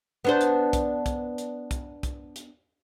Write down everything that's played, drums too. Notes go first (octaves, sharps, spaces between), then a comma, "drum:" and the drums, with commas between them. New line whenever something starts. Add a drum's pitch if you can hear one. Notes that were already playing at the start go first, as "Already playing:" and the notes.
B3 D4 C5
drum: hi-hat
drum: kick, hi-hat
drum: kick, hi-hat
drum: hi-hat
drum: kick, hi-hat
drum: kick, hi-hat
drum: hi-hat